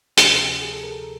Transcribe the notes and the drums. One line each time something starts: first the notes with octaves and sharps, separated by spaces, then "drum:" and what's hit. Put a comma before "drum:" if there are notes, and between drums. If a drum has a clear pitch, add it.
D2 C3 F3 G4, drum: hi-hat
G#4
A4
A#4